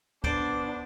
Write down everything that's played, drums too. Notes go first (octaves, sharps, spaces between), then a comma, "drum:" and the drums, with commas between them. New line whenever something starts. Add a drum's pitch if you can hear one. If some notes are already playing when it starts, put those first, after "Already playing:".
B3 D4 C5 D5, drum: kick